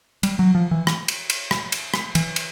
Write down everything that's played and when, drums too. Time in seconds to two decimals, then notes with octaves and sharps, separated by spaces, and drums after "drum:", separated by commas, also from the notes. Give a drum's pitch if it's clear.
0.23 G3, drum: cymbal
0.39 F#3
0.55 F3
0.71 E3
0.87 drum: rim click
1.08 drum: cymbal
1.30 drum: cymbal
1.51 drum: rim click
1.72 drum: cymbal
1.94 drum: rim click
2.15 E3, drum: cymbal
2.36 drum: cymbal